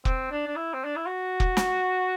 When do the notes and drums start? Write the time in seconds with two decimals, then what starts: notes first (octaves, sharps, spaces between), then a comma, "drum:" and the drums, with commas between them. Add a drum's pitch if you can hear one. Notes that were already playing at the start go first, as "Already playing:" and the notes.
0.05 C4, drum: kick
0.31 D4
0.48 D4
0.56 E4
0.74 C4
0.85 D4
0.96 E4
1.07 F#4
1.40 drum: kick
1.57 drum: snare